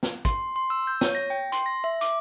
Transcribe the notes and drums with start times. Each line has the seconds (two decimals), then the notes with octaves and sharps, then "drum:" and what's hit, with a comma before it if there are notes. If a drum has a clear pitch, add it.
0.03 drum: snare
0.25 C6, drum: kick, hi-hat
0.56 C6
0.70 E6
0.87 G6
1.01 C#5, drum: snare
1.15 A#6
1.30 G5
1.52 C6, drum: hi-hat
1.66 A#6
1.84 E5
2.01 D6, drum: hi-hat